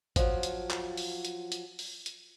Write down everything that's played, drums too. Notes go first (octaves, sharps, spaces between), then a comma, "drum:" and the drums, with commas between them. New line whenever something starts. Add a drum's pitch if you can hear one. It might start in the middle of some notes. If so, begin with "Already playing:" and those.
F3 F#3, drum: kick G#1, hi-hat
drum: hi-hat
drum: clap
drum: open hi-hat
drum: hi-hat
drum: hi-hat
drum: open hi-hat
drum: hi-hat